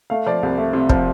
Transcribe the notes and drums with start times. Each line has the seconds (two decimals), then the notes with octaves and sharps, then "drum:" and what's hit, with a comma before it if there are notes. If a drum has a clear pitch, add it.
0.10 A3 F5
0.26 F3 D5
0.43 C2
0.58 A3
0.73 C3
0.89 F3, drum: kick